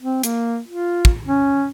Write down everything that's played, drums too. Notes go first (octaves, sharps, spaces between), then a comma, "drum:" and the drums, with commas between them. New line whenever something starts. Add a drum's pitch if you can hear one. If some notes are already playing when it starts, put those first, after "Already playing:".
C4
A#3, drum: hi-hat
F4
drum: kick
C#4